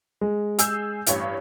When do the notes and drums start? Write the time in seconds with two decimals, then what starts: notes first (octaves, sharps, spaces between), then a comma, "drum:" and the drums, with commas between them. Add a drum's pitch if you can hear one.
0.21 G#3
0.59 G#4 E6 G6, drum: hi-hat
1.06 A1 G2 C#5, drum: hi-hat